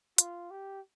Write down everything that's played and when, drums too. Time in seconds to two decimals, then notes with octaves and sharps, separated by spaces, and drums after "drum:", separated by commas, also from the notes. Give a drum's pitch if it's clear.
0.18 F4, drum: hi-hat
0.51 G4